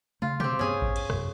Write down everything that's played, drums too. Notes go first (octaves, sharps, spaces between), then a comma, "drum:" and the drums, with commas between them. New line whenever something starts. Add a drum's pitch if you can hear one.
C#3 A3 F4
C4 G4, drum: tom
G2 B3 C#4 G#4
drum: kick A1
drum: cymbal
F#2 C3, drum: rim click